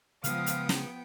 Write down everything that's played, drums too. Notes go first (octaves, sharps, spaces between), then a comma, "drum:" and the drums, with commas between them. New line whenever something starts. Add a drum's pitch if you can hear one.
C#3 F3 G#3 B3 F5 G5 D#6, drum: hi-hat
drum: hi-hat
drum: snare